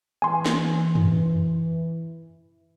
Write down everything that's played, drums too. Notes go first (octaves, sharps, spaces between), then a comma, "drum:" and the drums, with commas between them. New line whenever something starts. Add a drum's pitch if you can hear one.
E3 G#5 C6
drum: snare
drum: tom